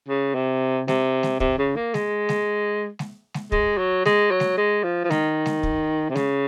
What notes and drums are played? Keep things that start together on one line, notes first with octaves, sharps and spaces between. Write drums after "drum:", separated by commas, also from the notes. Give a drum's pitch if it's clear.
C#3
C3
C3, drum: snare G#3
drum: snare G#3
C3, drum: kick
C#3
A#3
G#3, drum: snare G#3
drum: snare G#3
drum: snare G#3
drum: snare G#3
G#3, drum: kick
F#3
G#3, drum: snare G#3
F#3
drum: snare G#3
G#3
F3
F3
D#3, drum: snare G#3
drum: snare G#3
drum: kick
C3
C#3, drum: snare G#3